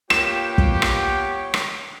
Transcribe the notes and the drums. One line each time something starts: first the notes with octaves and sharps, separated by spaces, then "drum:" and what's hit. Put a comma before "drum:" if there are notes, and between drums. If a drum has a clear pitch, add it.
A#3 B3 F4 G4 C#5 G5 E7, drum: rim click
drum: kick
drum: rim click
drum: rim click